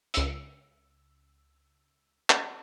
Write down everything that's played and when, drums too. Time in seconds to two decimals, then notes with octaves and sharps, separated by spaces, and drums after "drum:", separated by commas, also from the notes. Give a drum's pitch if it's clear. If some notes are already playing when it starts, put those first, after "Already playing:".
0.14 C#2 E6, drum: hi-hat
2.30 drum: clap